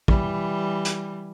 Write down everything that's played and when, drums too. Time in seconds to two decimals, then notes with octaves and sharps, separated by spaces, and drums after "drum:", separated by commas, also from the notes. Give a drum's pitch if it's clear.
0.08 E3 G3, drum: kick
0.85 drum: hi-hat